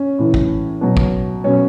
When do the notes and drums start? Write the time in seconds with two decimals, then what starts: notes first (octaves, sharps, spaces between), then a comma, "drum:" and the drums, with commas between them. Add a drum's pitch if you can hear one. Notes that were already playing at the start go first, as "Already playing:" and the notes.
Already playing: C#4
0.18 A2 E3
0.34 drum: kick
0.81 B2 F#3
0.97 drum: kick
1.44 B2 F#3 C#4